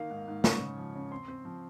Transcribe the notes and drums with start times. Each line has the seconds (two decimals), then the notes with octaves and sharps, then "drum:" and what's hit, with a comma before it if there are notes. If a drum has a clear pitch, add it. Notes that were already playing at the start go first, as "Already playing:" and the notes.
Already playing: D#3 A#3 F5
0.10 G#2
0.28 G#2
0.44 C#3 C#6, drum: snare
0.61 C#3
0.77 F3
0.95 C#3
1.11 C4 C6
1.28 C4
1.45 F3